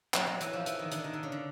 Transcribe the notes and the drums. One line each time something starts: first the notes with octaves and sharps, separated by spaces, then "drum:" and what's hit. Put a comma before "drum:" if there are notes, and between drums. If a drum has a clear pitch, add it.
F#3, drum: clap
F#3
E3, drum: hi-hat
F3
E3, drum: hi-hat
D#3
D3, drum: hi-hat
D#3
D3
C#3
D3